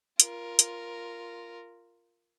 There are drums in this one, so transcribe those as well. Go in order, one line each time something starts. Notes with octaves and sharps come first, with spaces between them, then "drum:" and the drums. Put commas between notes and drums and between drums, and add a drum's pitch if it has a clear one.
F4 A#4, drum: hi-hat
drum: hi-hat